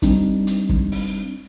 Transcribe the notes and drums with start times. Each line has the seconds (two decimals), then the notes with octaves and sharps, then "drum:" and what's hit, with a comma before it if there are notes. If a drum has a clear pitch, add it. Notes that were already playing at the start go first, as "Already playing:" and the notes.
0.02 G3 C4 D4 D#4, drum: kick, hi-hat
0.47 drum: hi-hat
0.69 drum: kick
0.92 drum: open hi-hat